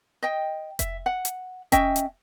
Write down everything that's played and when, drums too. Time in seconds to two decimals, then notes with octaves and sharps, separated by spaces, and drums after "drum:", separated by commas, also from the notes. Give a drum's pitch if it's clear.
0.23 D#5 G5
0.79 E5, drum: kick F1, hi-hat
1.06 F#5
1.25 drum: hi-hat
1.72 C#4 D#5 E5 G5, drum: kick F1, hi-hat
1.96 drum: hi-hat